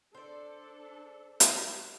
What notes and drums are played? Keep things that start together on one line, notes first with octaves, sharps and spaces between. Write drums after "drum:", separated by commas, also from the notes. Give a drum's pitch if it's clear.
D4 A4 C5 D5
drum: hi-hat